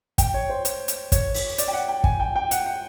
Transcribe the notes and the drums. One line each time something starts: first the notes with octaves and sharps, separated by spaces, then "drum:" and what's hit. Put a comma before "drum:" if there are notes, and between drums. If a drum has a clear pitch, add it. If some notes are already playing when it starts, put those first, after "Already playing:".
G5, drum: kick, hi-hat
C#5
C5
drum: hi-hat
drum: hi-hat
C#5, drum: kick, hi-hat
drum: open hi-hat
D5, drum: hi-hat
G5
F#5
G5
G#5, drum: kick
G5
G5
F#5, drum: hi-hat
F#5